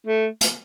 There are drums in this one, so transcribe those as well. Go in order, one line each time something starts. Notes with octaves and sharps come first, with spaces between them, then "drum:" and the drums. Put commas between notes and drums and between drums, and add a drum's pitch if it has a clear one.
A3
drum: hi-hat